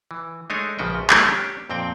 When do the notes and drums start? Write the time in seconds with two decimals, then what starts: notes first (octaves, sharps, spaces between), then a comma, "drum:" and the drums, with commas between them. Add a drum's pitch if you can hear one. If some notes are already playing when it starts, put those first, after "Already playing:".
0.11 E3
0.50 G#3 A3 D4 D#4 C#5 G#5
0.79 A#1 C#3 F3 F#4 B4 G5
1.10 D3 E3 G3 A3 A#3, drum: clap
1.27 C#4 D4 G4
1.70 F2 A#2 C4 G5